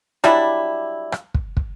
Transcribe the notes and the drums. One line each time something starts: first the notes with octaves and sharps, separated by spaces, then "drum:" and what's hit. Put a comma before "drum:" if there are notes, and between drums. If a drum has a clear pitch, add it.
F#3 G3 D4 E4, drum: rim click
drum: rim click
drum: kick
drum: kick